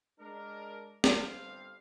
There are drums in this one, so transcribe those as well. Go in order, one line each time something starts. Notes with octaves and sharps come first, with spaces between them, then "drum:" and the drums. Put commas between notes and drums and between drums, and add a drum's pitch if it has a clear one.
G#3 D4 A#4
G1 G3 C4 A4 C5 F5, drum: snare